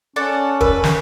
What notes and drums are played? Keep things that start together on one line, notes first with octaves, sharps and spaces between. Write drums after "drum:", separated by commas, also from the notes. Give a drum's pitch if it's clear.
C#4 A4 D5 F#5
A#4 B4, drum: kick
drum: snare